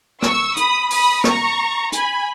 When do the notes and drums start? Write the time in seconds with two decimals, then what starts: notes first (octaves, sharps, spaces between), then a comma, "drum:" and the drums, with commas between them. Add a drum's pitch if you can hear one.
0.22 C#6 E6, drum: rim click
0.57 B5 D#6, drum: hi-hat
0.90 B5 D#6, drum: open hi-hat
1.24 A#5 C#6, drum: rim click
1.92 G#5 B5, drum: hi-hat